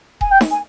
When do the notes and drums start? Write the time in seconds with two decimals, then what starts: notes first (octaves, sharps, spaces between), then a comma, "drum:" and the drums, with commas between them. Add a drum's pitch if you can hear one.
0.21 G#5, drum: kick D#1
0.31 G5
0.41 drum: snare D#4
0.51 G#5